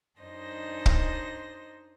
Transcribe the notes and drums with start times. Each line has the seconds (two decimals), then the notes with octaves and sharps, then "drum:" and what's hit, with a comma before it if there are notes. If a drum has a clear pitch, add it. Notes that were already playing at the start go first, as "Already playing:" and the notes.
0.19 F#2 D4 D#4 C5 D#5 A#6
0.86 drum: kick